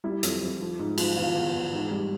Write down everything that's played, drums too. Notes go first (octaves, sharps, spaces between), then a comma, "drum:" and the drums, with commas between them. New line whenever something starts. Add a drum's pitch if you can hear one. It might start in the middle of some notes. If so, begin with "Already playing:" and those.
G3 E4
F2, drum: hi-hat
F2
F3
G#2
F3, drum: cymbal
E2 F4
E2
E2
G#2
G3